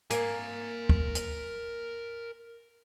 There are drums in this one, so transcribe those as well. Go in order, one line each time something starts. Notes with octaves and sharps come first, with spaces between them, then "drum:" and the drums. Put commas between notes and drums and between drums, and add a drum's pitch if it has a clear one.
A#3 A#4 G#5, drum: hi-hat
drum: kick
drum: hi-hat